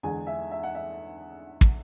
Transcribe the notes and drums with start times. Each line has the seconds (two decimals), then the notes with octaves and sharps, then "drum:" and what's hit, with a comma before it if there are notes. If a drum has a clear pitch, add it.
0.03 E2 D3 G#3 G#5
0.27 E5
0.51 E5
0.63 F#5
0.75 E5
1.61 drum: kick